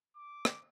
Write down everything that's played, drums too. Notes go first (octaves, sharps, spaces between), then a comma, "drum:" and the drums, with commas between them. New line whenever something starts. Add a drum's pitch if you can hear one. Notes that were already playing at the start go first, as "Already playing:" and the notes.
D6
drum: rim click